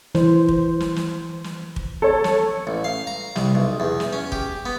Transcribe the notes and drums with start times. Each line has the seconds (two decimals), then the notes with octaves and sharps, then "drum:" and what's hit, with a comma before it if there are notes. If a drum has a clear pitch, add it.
0.15 E3 C5, drum: snare
0.48 drum: kick
0.80 drum: snare
0.96 drum: snare
1.44 drum: snare
1.76 drum: kick
2.02 A4 C#5
2.24 drum: snare
2.67 A1
2.84 F5
3.07 A#5
3.36 C2, drum: snare
3.55 B1
3.80 E2
4.00 drum: snare
4.13 C#4
4.32 G4, drum: kick
4.66 B3